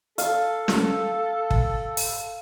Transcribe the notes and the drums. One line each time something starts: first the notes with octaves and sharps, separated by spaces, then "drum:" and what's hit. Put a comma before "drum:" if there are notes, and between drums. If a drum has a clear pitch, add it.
A4 F5, drum: hi-hat
drum: snare
drum: kick
drum: open hi-hat